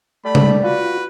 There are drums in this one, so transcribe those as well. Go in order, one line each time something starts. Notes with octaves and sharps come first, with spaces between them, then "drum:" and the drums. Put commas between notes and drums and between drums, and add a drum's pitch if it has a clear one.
G3 A3 B5
drum: tom
F4 F#4 B4